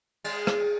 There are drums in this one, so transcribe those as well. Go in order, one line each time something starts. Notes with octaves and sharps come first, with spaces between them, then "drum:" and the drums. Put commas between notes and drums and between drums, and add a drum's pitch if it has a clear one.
G#3, drum: cymbal
drum: rim click